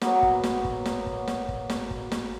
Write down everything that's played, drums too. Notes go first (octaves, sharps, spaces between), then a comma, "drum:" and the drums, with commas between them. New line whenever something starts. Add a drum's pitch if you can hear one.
F#3 A#3 B3 F#4, drum: snare
drum: kick
drum: snare
drum: kick
drum: snare
drum: kick
drum: snare
drum: kick
drum: snare
drum: kick
drum: snare